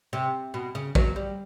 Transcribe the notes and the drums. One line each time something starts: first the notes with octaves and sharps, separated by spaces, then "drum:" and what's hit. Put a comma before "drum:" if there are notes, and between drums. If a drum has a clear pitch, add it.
C3
B2
C#3
F#3, drum: kick
G3